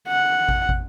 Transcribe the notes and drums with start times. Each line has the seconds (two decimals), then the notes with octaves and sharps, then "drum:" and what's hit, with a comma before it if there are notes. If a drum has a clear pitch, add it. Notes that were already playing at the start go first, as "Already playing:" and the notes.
0.08 F#5
0.49 drum: kick
0.69 drum: kick